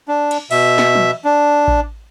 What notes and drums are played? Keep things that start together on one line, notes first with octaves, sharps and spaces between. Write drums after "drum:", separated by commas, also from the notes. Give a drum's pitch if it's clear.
D4
drum: cymbal
B2 E5, drum: cymbal
drum: snare
drum: tom
D4
drum: kick A1